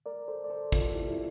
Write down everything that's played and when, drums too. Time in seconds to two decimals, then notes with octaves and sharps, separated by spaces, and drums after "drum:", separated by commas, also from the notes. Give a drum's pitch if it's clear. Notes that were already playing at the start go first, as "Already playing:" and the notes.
0.06 A#4 D5
0.28 A4 C5
0.44 D5
0.50 A4 C5
0.72 F4 A4, drum: kick
0.94 E4 G4
1.11 E4